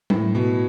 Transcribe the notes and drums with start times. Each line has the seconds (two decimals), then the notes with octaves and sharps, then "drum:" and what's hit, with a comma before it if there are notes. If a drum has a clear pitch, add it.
0.10 A2, drum: tom F#3
0.35 B2